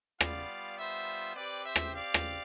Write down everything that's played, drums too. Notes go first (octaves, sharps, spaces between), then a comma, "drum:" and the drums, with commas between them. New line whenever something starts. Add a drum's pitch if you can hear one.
G3 B3 F4 D5 F5, drum: rim click
C5 E5
C4 G4 B4 D5
C5 E5
drum: rim click
D5 F5
drum: rim click